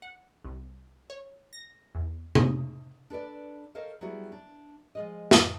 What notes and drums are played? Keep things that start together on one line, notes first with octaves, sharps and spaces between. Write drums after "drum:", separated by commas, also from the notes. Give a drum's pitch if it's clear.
F#5
C2
C#5
A#6
E2
D#6, drum: tom C3
D4 A4 B4 D5
A4 A#4 C5 C#5 D#5 F5
F#3 G3 B3 E4 F#4 G#4
D4
F3 G#3 D#5
drum: snare